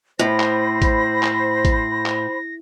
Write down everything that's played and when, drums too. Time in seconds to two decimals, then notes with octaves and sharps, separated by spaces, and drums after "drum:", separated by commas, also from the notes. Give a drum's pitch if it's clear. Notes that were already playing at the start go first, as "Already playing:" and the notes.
0.19 A2 C5 B5 A#6
0.40 drum: clap
0.82 drum: kick, hi-hat
1.23 drum: clap
1.65 drum: kick, hi-hat
2.06 drum: clap